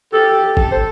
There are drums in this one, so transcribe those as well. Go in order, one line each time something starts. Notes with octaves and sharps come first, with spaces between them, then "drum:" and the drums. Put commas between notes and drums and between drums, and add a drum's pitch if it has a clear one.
G4 A4
A4, drum: kick
C5